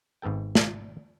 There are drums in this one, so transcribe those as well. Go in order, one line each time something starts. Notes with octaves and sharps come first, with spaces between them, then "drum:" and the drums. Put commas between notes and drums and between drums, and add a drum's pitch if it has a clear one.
G#1 G#2 B3 A4 G5
drum: snare